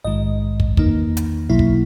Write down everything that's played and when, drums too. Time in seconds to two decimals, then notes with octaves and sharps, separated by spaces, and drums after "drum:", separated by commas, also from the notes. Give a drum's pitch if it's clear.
0.05 A#1 G#2 D#3 G#3 D#5
0.60 drum: kick
0.77 E2 D#3 A#3 D#4, drum: kick
1.17 drum: hi-hat
1.49 B1 B2 F#3 A#3 E4
1.59 drum: kick